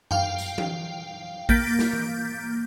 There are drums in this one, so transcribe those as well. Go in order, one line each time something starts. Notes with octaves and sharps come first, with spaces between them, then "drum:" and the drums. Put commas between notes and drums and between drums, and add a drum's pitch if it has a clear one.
F5 G5, drum: tom F#2
drum: tambourine
drum: tom E3
A#3 G6 A6 B6 D7, drum: kick A1
drum: snare
drum: tom E3